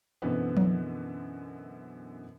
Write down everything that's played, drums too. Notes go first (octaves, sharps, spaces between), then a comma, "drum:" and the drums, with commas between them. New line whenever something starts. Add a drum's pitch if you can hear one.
F#2 B2 D3 E3 B3 C4
drum: tom F3